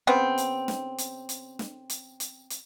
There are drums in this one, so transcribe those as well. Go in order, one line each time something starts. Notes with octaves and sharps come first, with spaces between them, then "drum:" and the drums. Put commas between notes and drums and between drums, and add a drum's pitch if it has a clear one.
C#3 B3 C4
drum: hi-hat
drum: snare
drum: hi-hat
drum: hi-hat
drum: snare
drum: hi-hat
drum: hi-hat
drum: hi-hat